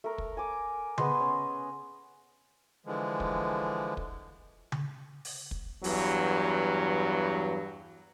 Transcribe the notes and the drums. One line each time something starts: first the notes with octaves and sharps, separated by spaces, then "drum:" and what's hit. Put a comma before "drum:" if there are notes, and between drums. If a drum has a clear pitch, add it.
A3 A#4
drum: kick
G#5 D6
B3 G#4 D#5 C6, drum: tom C#3
C#4
D3 E3 F3 G#3
drum: kick
drum: kick
drum: tom C#3
drum: open hi-hat
drum: kick
E2 G2 F#3, drum: open hi-hat